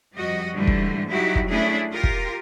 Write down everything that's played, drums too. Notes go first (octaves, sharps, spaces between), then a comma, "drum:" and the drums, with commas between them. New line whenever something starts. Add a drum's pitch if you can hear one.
F2 G3 F#4 D#5
G#2 D3 E3 G3 A3
drum: kick
F#3 G3 D#4 E4 F#4 G4
drum: kick
A3 C#4 D4 E4 G#4
F4 G4 A#4
drum: kick